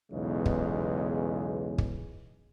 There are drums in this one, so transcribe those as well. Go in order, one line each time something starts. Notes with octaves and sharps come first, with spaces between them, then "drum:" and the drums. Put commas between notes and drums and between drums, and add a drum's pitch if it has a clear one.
B1 E2 C#3 G#3
drum: kick
drum: kick